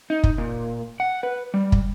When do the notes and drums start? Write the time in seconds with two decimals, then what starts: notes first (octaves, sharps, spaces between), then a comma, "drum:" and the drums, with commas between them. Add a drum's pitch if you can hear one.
0.10 D#4
0.24 drum: kick
0.38 A#2
1.00 F#5
1.23 B4
1.54 G3
1.72 drum: kick